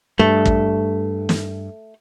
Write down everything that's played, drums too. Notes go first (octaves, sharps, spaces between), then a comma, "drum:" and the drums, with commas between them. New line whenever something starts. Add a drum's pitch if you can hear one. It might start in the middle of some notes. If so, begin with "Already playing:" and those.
G2 A3
drum: kick
drum: snare